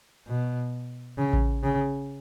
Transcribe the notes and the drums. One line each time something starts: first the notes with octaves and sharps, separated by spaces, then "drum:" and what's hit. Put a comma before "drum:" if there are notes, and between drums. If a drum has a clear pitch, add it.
B2
C#3
drum: kick A1
C#3